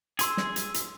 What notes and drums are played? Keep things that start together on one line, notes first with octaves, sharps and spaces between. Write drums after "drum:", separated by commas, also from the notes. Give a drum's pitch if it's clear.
G#4 C6 E6, drum: hi-hat
drum: snare
drum: hi-hat
drum: hi-hat